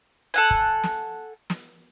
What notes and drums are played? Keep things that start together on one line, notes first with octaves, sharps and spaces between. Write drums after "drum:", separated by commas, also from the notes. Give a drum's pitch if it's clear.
A4 F#5 G#5
drum: kick
drum: snare
drum: snare